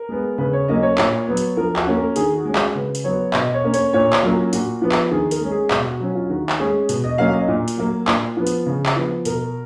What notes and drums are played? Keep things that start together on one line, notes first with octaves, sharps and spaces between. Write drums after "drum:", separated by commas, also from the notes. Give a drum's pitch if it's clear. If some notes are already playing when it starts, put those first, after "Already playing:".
Already playing: A#4
G#3 B3
C#3 B4
C#5
F#3 A#3 C#4 D#5
C#5
A#2, drum: clap
F#3 B3
drum: hi-hat
F3 A#4
F#4, drum: clap
A#3 C#4
A#4
D#3 G#4, drum: hi-hat
F#4
G#3 C#4
F#4, drum: clap
C#3 B4
drum: hi-hat
F#3 B3 C#5
B2 D#5, drum: clap
C#5
A#3 C#4
C#5, drum: hi-hat
A#2 C#5
drum: clap
F#3 A#3 C#4 F4
A#2 F#4, drum: hi-hat
F3 B3
drum: clap
D#3 G#4
A#4, drum: hi-hat
G#3 C#4
G#4
B2 F#4, drum: clap
F#4
F#3 C#4 F#4
F4
D#3 F#4
drum: clap
G#3 C#4 G#4
B2, drum: hi-hat
D#5
F#3 A#3 C#4 F5
D#5
A#2
drum: hi-hat
F#3 A#3
A#2, drum: clap
F3 B3
drum: hi-hat
C#3
drum: clap
F3 B3
B2 A#4, drum: hi-hat